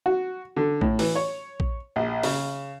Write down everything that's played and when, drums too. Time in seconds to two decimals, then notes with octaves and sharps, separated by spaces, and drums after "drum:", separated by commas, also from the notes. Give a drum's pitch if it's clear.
0.06 F#4
0.56 D3
0.81 A2, drum: kick A#1
0.99 E3, drum: open hi-hat
1.15 C#5
1.60 drum: kick A#1
1.96 A#1
2.23 C#3, drum: open hi-hat